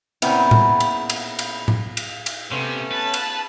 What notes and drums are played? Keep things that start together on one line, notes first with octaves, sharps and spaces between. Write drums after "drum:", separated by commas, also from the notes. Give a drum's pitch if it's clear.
A#2 C#3 B3 C4 E4, drum: cymbal
drum: tom A2
drum: cymbal
drum: cymbal
drum: cymbal
drum: tom A2
drum: cymbal
drum: cymbal
C3 A3 B3 C#4
B4 A5
drum: cymbal